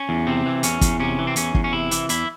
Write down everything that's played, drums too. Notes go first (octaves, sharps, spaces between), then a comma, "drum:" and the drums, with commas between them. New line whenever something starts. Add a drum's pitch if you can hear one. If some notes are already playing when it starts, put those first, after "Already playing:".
Already playing: C#4
E2
C3 C4
E3
E2 C#4, drum: hi-hat
E2, drum: kick F#1, hi-hat
C3 C#4
E3
C4
E2 C#4, drum: hi-hat
E2, drum: kick F#1
C#4
C3 E4
E3, drum: hi-hat
E2 E4, drum: hi-hat